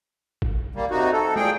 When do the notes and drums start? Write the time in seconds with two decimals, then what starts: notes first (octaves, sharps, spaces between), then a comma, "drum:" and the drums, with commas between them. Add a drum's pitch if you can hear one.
0.42 drum: kick G#1
0.75 G3 A#3
0.91 C3 D#4 F#4
1.13 A4
1.36 A#2 G#4 G5, drum: tom